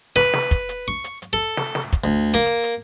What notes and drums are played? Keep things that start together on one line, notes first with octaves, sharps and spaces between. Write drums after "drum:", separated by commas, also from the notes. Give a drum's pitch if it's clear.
B4, drum: snare
drum: snare
drum: kick, hi-hat
drum: hi-hat
C#6
drum: hi-hat
drum: hi-hat
A4
drum: snare
drum: snare
drum: kick, hi-hat
D2
A#3
drum: hi-hat
drum: hi-hat